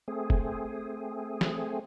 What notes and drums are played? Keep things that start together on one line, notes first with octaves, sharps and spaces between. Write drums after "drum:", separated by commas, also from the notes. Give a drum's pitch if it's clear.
A3 C4 G#4
drum: kick
drum: snare